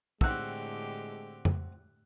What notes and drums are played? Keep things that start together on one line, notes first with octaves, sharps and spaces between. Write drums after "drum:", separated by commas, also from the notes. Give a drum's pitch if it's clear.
A2 D3 G#3 C4 F#4 G4 E6 F#6, drum: kick
drum: tom F2